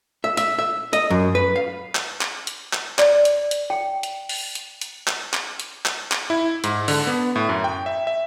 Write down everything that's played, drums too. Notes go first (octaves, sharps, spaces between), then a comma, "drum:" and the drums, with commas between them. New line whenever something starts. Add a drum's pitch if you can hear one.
E5
E5, drum: hi-hat
E5
D#5, drum: hi-hat
F#2
B4
F5
drum: clap
drum: clap
drum: hi-hat
drum: clap
D5, drum: clap
drum: hi-hat
drum: hi-hat
G5
drum: hi-hat
drum: open hi-hat
drum: hi-hat
drum: hi-hat
drum: clap
drum: clap
drum: hi-hat
drum: clap
drum: clap
E4
G#2, drum: hi-hat
D3, drum: open hi-hat
B3
A2
F#2
G5
E5
E5